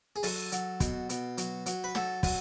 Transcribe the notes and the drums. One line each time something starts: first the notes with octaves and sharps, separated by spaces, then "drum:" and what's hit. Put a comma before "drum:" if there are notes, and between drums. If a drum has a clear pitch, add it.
G#4
F#3 A4, drum: open hi-hat
F#3, drum: hi-hat
B2, drum: kick, hi-hat
B2, drum: hi-hat
F#3, drum: hi-hat
F#3, drum: hi-hat
B4
F#3 A4, drum: snare
F#3, drum: kick, open hi-hat